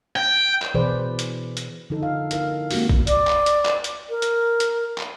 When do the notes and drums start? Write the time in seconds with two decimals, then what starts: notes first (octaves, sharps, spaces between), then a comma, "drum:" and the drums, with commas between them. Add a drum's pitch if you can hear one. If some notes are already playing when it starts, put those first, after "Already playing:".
0.16 G5
0.62 drum: clap
0.74 B2 E3 G#4 B4 C5 D5
1.19 drum: hi-hat
1.57 drum: hi-hat
1.90 D3 F3 D#4 A4
2.03 F5
2.31 E4 A#4 F5, drum: hi-hat
2.71 G#3 A#3 C4 C#4 F#4 G4, drum: open hi-hat
2.89 drum: kick A#1
3.07 D5, drum: hi-hat
3.27 drum: clap
3.46 drum: hi-hat
3.65 drum: clap
3.84 drum: hi-hat
4.10 A#4
4.22 drum: hi-hat
4.60 drum: hi-hat
4.98 drum: clap